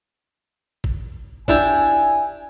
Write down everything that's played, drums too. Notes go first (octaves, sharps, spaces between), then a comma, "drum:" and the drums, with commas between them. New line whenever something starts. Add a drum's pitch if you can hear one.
drum: kick G1
D4 E4 G4 G#5, drum: kick G1